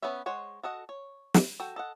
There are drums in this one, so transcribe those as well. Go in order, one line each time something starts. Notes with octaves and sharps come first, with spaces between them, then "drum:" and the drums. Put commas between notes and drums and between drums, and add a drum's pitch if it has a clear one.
B3 C#4 B4 C#5 E5
G#3 C5 C#5 F#5
F#4 A4 D#5 F#5
C#5
drum: snare
F#4 A4 G5
A4 D#5 F#5